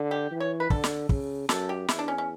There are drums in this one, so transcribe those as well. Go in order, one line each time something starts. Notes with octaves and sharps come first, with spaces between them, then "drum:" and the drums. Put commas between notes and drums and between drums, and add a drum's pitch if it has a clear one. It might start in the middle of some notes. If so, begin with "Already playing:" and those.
Already playing: D3
G4
E3
C#5
B4
D3 A4, drum: kick
drum: snare
C#3, drum: kick
F#2 A4, drum: snare
G4
E2 E4, drum: snare
D4
C#4
C#4